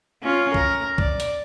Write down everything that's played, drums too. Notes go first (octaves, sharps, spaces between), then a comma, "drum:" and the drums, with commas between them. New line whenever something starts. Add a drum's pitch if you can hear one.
C#4 F4
A#4, drum: kick
D5, drum: kick
drum: hi-hat